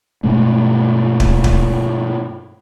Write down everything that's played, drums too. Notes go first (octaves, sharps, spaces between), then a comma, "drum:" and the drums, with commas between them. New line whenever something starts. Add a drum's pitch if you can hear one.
G2 B2 G#3 A3
drum: kick
drum: kick